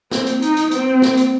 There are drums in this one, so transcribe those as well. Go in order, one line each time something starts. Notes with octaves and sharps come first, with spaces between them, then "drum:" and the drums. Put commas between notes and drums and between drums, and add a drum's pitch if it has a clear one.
C4, drum: snare
drum: hi-hat
D#4, drum: hi-hat
drum: hi-hat
C4, drum: hi-hat
drum: snare
drum: hi-hat